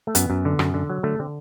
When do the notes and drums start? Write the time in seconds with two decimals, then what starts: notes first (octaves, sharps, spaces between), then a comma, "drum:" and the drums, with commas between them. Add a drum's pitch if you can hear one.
0.07 A3
0.15 F#2 B3, drum: hi-hat
0.30 F#2
0.45 D3
0.59 F#2, drum: rim click
0.74 D3
0.89 F#3
1.03 D3 A3
1.19 D3 C4